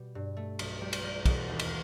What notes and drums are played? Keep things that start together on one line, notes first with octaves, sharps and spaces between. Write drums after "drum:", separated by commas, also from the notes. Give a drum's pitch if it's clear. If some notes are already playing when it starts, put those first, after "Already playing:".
Already playing: B2 G3
G2
A3
B1, drum: cymbal
G3
drum: cymbal
G3
E1, drum: kick, cymbal
D#2
drum: cymbal